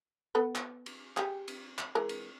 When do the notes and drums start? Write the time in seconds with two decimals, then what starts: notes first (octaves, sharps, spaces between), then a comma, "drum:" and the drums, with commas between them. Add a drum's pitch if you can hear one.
0.35 B3 A4 B4
0.55 drum: clap
0.86 drum: cymbal
1.17 G4 G#4, drum: clap
1.48 drum: cymbal
1.78 drum: clap
1.95 E3 G#3 A#4
2.09 drum: cymbal